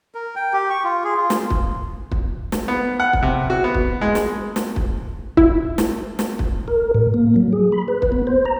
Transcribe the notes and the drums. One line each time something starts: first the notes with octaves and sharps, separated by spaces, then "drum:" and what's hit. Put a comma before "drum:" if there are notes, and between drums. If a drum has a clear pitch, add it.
A#4
G5
G4
C#6
F4
G#4
F4
drum: snare
drum: kick
drum: kick
drum: snare
B3
F#5
drum: kick
C3
F#4
B3
drum: kick
G#3
drum: snare
drum: snare
drum: kick
E4, drum: kick
drum: snare
drum: snare
drum: kick
A#4
A2
A#3
F#3
G#4
B5
B4
drum: kick
B3
C5
A#5